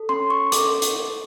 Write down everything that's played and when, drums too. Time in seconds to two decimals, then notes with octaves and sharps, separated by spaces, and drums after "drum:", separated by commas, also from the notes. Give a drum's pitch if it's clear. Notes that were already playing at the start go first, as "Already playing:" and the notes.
Already playing: A4
0.09 C#4 C6
0.30 C#6
0.52 A4 D6, drum: hi-hat
0.82 drum: hi-hat